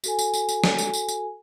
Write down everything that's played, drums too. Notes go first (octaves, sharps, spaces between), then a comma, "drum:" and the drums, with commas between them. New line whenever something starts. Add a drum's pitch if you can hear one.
F#4 A4 G#5, drum: tambourine
drum: tambourine
drum: tambourine
drum: tambourine
drum: snare
drum: tambourine
drum: tambourine
drum: tambourine